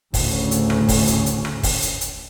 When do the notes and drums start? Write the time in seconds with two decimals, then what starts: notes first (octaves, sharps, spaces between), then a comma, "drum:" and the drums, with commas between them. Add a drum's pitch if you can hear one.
0.14 D2 A2 C#3 C#4, drum: kick, open hi-hat
0.51 drum: hi-hat
0.70 drum: rim click
0.89 drum: kick, open hi-hat
1.07 drum: hi-hat
1.26 drum: hi-hat
1.45 drum: rim click
1.63 drum: kick, open hi-hat
1.82 drum: hi-hat
2.01 drum: hi-hat